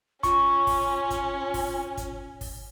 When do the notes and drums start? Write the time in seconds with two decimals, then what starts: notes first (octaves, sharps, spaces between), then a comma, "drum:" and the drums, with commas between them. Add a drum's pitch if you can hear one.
0.23 C#4 F4 C#6, drum: kick, hi-hat
0.67 drum: kick, open hi-hat
1.10 drum: kick, hi-hat
1.54 drum: kick, open hi-hat
1.97 drum: kick, hi-hat
2.41 drum: kick, open hi-hat